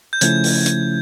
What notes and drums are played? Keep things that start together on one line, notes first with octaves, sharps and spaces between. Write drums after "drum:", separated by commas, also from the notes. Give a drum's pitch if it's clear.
G6
C#3 F3 A3 C#4 E4 G#6, drum: hi-hat
drum: open hi-hat
drum: hi-hat